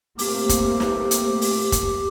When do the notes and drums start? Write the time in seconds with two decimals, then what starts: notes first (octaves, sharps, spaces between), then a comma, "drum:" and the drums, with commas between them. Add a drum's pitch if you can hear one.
0.19 A3 A#3 C4 G4, drum: open hi-hat
0.49 drum: kick, hi-hat
0.80 drum: snare
1.11 drum: hi-hat
1.42 drum: open hi-hat
1.72 drum: kick, hi-hat